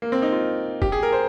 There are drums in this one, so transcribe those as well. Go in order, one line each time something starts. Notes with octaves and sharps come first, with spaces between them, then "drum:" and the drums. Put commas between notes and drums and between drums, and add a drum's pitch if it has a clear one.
A#3
C4
D#4
F4
G4, drum: kick
G#4
A#4
C5